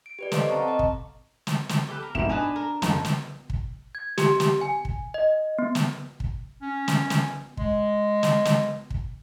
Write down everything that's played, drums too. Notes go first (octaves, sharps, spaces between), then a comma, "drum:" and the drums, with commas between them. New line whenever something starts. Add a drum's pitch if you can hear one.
D7
G4 B4 D5
A4 C5 D#5 F5 C6 D6, drum: snare
C4 A5 A#5 C#6
D#5
drum: kick
drum: snare
drum: snare
G4 A4 B4
A#4
F2 G#2 B2 E4 E7, drum: kick
D4 B4 D#5 G#5 F7
A#4
F#1, drum: snare
drum: snare
drum: kick
G#6
G4, drum: snare
drum: snare
G#5
drum: kick
D#5
B3
drum: snare
drum: kick
C#4
drum: snare
drum: snare
G#3, drum: kick
drum: snare
drum: snare
drum: kick